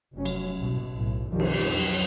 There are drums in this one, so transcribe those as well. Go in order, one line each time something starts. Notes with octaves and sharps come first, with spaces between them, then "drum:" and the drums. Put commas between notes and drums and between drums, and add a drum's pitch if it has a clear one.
F1 F#3 C#4
drum: cymbal
C2 B2
B1 A2
B1 F2 D#3 F3 G3
drum: cymbal
F2 F#3